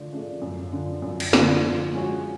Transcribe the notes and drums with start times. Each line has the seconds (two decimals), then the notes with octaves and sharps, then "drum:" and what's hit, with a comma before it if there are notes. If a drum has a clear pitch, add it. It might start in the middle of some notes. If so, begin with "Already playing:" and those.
Already playing: D3 F3 A3 D4
0.11 F3 A3 D4 G#4
0.42 F#2
0.73 D3 F3
1.02 F#2
1.20 drum: cymbal
1.33 D3 F3, drum: snare
1.63 F3
1.93 G#3 C#4 F#4